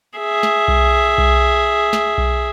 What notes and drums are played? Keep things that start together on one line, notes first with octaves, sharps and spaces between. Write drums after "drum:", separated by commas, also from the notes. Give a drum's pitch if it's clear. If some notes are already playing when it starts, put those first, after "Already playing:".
G#4 E5
drum: snare
drum: kick B1
drum: kick B1
drum: snare
drum: kick B1